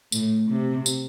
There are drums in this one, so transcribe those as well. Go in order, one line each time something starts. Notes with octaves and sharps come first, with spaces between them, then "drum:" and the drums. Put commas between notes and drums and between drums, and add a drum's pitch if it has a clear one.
A2, drum: tambourine
C3
drum: tambourine